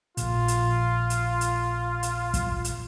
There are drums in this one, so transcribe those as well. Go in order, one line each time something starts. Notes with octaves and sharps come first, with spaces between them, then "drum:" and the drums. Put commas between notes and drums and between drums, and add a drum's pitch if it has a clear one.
A#1 A#2 F4, drum: hi-hat
drum: hi-hat
drum: hi-hat
drum: hi-hat
drum: hi-hat
drum: kick, hi-hat
drum: hi-hat